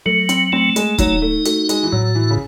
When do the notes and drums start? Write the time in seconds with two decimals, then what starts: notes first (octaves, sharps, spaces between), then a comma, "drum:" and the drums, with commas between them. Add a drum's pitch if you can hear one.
0.06 F#3 A3
0.29 C4, drum: hi-hat
0.53 A3 C4
0.76 G#3, drum: hi-hat
0.98 F#3 D#4, drum: kick, hi-hat
1.22 A3
1.45 A3 F#4, drum: hi-hat
1.69 G#3, drum: hi-hat
1.83 E3
1.92 A2 F#3
2.15 E3
2.30 C#3